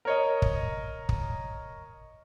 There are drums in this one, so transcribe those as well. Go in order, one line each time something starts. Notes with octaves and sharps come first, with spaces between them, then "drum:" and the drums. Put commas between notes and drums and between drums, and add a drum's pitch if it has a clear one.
A#4 C#5 D#5
drum: kick
drum: kick